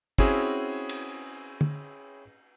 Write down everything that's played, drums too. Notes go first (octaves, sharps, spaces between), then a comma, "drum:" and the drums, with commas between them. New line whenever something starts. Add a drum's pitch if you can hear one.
C4 C#4 E4 F#4 G#4, drum: kick
drum: cymbal
drum: tom D3